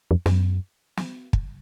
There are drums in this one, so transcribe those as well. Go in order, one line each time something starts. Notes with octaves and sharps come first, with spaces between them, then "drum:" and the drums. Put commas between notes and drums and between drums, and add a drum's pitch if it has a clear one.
F2
F#2, drum: snare
drum: snare
drum: kick